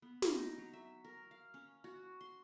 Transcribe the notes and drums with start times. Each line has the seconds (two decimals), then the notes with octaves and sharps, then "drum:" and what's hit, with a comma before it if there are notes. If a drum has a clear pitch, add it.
0.02 B3
0.22 drum: snare
0.35 D#4
0.58 F#3
0.73 E5
1.05 A#4
1.31 F5
1.54 C#4
1.84 F#4
2.21 C6